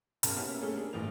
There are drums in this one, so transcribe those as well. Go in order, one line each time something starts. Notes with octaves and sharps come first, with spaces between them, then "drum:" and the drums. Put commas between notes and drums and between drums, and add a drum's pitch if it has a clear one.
F#1 B1 C#3 A5 A#5 F6, drum: hi-hat
A#3 B3 C#4 E4 G4
G3 A3 C#4 G#4 A4
A#3 D4 G#4
A1 A2 E3 F3 F7